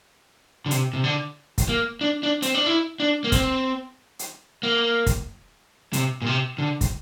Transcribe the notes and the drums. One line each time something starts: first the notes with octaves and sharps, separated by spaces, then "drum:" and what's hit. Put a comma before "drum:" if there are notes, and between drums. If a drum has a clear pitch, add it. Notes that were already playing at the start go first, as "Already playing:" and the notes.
D3
C3, drum: hi-hat
C3
D3
drum: kick, hi-hat
A#3
D4
D4
C4, drum: hi-hat
D4
E4
D4
A#3
C4, drum: kick, hi-hat
drum: hi-hat
A#3
drum: kick, hi-hat
C3, drum: hi-hat
A#2
C3
D3
drum: kick, hi-hat